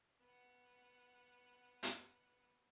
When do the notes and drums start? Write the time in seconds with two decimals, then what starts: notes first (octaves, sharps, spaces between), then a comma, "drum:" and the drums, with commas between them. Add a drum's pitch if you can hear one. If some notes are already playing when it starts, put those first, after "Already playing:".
0.20 B3 F#5
1.83 drum: hi-hat